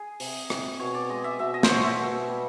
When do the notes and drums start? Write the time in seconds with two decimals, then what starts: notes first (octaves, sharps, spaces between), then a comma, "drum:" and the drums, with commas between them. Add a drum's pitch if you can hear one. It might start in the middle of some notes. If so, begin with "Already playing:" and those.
Already playing: G#4
0.20 C3, drum: open hi-hat
0.50 C3, drum: rim click
0.80 B2 C#5
0.95 D5
1.09 G#3 D#5
1.24 E5
1.39 B2 E5
1.54 D#5
1.63 C5, drum: snare
1.69 B2 C#5
1.84 E5
1.99 B2
2.28 G3